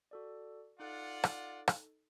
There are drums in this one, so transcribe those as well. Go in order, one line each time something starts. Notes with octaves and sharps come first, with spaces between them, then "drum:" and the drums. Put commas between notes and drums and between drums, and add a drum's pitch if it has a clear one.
F#4 A4 D5
D#4 F4 A4 D5 F#5
drum: rim click
drum: rim click